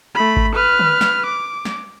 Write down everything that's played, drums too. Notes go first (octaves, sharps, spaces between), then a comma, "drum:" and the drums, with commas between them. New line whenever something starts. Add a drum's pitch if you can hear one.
A3 B5
drum: kick G#1
B4 F6
drum: tom D3
drum: snare
D6
drum: snare